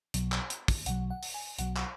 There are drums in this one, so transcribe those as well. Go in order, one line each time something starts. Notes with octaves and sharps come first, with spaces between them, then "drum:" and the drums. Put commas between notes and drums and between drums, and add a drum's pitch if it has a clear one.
B1 B2 F#3, drum: hi-hat
drum: clap
drum: hi-hat
drum: kick, open hi-hat
B1 B2 F#3 F#5, drum: hi-hat
F#5
drum: open hi-hat
G#5
B1 B2 F#3 F#5, drum: hi-hat
F#5, drum: clap